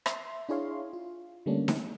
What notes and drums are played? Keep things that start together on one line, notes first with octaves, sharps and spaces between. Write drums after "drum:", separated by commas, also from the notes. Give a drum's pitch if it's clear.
E5 C6, drum: rim click
D4 E4 G#4 C#5 F5 C6
F4
D3 G3 A3 A#3 C#4 D4
drum: snare D#4